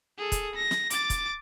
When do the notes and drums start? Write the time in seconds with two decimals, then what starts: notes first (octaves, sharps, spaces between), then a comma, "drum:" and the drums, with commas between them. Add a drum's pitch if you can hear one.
0.18 G#4 A4
0.32 drum: kick, hi-hat
0.55 A#6
0.71 drum: snare
0.90 D6 A6, drum: hi-hat
1.10 drum: kick, hi-hat